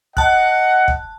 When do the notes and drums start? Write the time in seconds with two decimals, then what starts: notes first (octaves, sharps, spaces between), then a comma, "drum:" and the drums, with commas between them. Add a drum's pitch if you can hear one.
0.17 D#5 F#5 A5 F#6, drum: kick
0.88 drum: kick